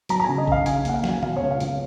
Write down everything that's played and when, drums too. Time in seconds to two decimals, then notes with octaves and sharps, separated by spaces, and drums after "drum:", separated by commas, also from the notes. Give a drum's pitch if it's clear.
0.09 F#3 A#5, drum: hi-hat
0.20 A#5
0.24 C#3 G#5
0.38 D#5
0.47 C#3 F5, drum: kick A1
0.66 C#3 G#5, drum: hi-hat
0.85 D#2 F#5, drum: hi-hat
0.94 F5
1.04 F#3 G#5, drum: snare
1.23 B2 F5, drum: tom D3
1.36 C#2 C#5
1.51 F5
1.60 C#2, drum: hi-hat